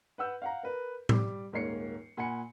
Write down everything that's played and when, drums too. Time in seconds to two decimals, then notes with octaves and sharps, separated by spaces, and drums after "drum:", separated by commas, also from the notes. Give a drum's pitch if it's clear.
0.18 B4 F#5 E6 G6
0.42 F5 F#5 A#5
0.63 A#4 B4
1.09 G3 D6, drum: tom A2
1.53 D#1 G#2 A#3 C#5 C7 C#7
2.17 A#2 F#5 G#5 B5 C#7